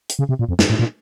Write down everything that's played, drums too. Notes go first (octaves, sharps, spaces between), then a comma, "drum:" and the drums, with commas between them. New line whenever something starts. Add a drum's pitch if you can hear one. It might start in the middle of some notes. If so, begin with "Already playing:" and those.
drum: hi-hat
C#3
C3
A#2
F2
F#2, drum: snare
A2
A#2